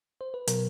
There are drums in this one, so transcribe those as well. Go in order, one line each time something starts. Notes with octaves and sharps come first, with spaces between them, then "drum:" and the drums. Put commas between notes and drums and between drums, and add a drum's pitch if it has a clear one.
C5
B4
B2 F#3 A#4, drum: hi-hat